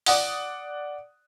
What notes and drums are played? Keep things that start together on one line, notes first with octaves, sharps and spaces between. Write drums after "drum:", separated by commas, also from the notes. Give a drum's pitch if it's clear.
D5 F#5 D#6, drum: open hi-hat